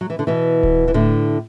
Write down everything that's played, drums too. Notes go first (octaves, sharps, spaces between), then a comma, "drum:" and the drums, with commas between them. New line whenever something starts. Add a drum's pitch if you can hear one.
F#3
E3
D3
B2 E3
drum: kick D1
E3
A2 D3